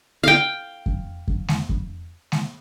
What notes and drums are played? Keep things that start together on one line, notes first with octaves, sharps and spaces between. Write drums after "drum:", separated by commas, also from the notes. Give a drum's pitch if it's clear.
F5 G5
drum: kick F2
drum: kick F2
drum: snare G#3
drum: kick F2
drum: snare G#3